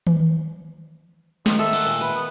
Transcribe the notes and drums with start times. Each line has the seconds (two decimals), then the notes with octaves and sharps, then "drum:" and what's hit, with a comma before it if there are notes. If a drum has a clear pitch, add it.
0.07 drum: tom D#3
1.46 D#3 F3, drum: snare
1.59 A4 E5
1.73 F#5, drum: cymbal
1.86 A#2
2.01 B4
2.16 B3